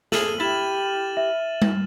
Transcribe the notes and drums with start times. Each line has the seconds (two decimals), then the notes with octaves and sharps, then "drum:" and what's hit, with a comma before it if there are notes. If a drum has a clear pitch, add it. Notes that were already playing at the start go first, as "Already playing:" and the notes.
0.12 G#4 A4 F6 D#7 F#7, drum: snare
0.40 E4 G4 A6 E7
1.17 E5
1.62 drum: tom G3